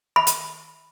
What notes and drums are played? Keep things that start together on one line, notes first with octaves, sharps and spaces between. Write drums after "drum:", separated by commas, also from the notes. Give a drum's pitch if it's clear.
B5
drum: hi-hat